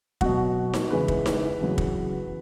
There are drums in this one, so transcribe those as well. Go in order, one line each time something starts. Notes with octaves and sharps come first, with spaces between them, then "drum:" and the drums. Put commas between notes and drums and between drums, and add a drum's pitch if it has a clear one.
B2 F#3 F#4, drum: kick
drum: snare D#4
E2 C#3 E3 G#3 B4
drum: kick
drum: snare D#4
E2 C#3 F#3
drum: kick